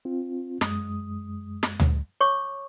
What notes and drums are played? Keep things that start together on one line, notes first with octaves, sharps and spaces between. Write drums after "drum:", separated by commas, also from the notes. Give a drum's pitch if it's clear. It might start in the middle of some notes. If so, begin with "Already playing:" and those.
C4 F4
F#2 G#3 D#6, drum: snare
drum: snare
drum: tom D2
C#5 C#6 D6